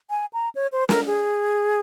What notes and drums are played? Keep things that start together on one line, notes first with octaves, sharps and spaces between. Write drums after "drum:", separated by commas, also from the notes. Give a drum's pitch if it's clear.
G#5
A#5
C#5
C5
A#4, drum: snare
G#4